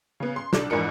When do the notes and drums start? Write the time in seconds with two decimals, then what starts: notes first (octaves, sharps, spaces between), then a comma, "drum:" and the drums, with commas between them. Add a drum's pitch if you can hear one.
0.20 C#3 B3
0.36 C6
0.53 C2 D4 A4, drum: snare
0.70 F2 G#2 E3 D4 A#4 C#7